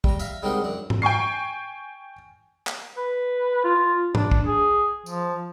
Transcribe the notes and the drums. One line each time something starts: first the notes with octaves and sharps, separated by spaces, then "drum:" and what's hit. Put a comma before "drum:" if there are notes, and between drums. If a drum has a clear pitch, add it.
G3 A#5, drum: kick
E5 F5 A#5, drum: tambourine
G3 G#3 C4 D#4 A#4 F#5
F#2 D4
drum: tom G#2
G5 G#5 C#6 C7
drum: clap
B4
F4
D4, drum: tom G#2
drum: kick
G#4
F3, drum: tambourine